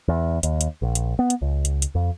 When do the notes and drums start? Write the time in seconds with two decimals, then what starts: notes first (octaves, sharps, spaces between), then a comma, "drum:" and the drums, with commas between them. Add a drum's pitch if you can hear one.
0.08 E2
0.43 D#2, drum: hi-hat
0.61 drum: hi-hat
0.82 A#1
0.95 drum: hi-hat
1.19 B3
1.30 drum: hi-hat
1.42 C#2
1.65 drum: hi-hat
1.82 drum: hi-hat
1.95 F2